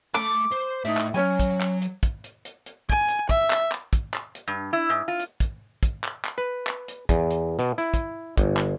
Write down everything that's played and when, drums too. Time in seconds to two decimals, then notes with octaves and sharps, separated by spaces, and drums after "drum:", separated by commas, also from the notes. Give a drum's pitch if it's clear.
0.14 A3 A5 D6
0.52 C5
0.85 A2 D#4 E5
0.97 drum: clap
1.14 F#3 C#4 C#5 G#5
1.39 drum: kick, hi-hat
1.61 drum: clap
1.82 drum: hi-hat
2.03 drum: kick, hi-hat
2.24 drum: hi-hat
2.45 drum: hi-hat
2.66 drum: hi-hat
2.90 G#5, drum: kick
3.08 drum: hi-hat
3.29 E5, drum: kick, hi-hat
3.50 drum: clap
3.72 drum: clap
3.93 drum: kick, hi-hat
4.14 drum: clap
4.35 drum: hi-hat
4.48 G2
4.73 E4
4.90 G#2
5.08 F4
5.19 drum: hi-hat
5.40 drum: kick, hi-hat
5.83 drum: kick, hi-hat
6.04 drum: clap
6.25 drum: clap
6.38 B4
6.67 drum: clap
6.88 drum: hi-hat
7.09 E2, drum: kick, hi-hat
7.30 drum: hi-hat
7.59 B2
7.78 E4
7.94 drum: kick, hi-hat
8.38 G1, drum: kick, hi-hat
8.57 drum: clap